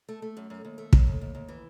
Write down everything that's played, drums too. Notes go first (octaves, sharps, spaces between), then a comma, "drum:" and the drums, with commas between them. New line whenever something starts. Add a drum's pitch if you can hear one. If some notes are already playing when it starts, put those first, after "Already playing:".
A3
A3
F#2
F#2
D#2
A3
D#2, drum: kick
D#2
D#2
D#2
E3